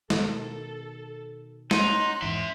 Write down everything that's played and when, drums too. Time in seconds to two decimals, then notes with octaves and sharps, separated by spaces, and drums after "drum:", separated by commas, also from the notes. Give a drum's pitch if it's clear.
0.10 B2 D#3 A4, drum: snare G#3
1.71 C#4 D#4 F#5 C6, drum: snare G#3
2.22 E2 G#2 E3 E5 C6